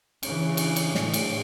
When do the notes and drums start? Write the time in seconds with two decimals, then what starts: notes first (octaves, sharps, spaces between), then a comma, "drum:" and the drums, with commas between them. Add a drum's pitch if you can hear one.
0.23 C#3 E3, drum: cymbal
0.57 drum: cymbal
0.76 drum: cymbal
0.95 A2, drum: snare
1.14 drum: cymbal